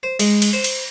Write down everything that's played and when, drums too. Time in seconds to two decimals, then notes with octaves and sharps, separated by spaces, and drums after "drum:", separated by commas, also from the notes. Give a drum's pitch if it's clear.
0.03 C5
0.19 G#3, drum: cymbal
0.42 drum: cymbal
0.53 C5
0.64 drum: cymbal